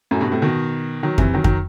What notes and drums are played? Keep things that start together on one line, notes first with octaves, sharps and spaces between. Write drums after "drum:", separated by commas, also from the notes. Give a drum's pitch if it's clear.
F#2 A2
G2 B2
A2 C3
B2 D#3
D#3 F#3
C3 E3, drum: kick F2
D#3 F#3
D#3 F#3, drum: kick F2